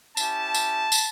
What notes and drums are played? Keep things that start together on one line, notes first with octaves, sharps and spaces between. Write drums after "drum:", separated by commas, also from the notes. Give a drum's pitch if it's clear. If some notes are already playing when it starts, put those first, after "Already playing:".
C#4 E4 G4 A5, drum: tambourine
drum: tambourine
drum: tambourine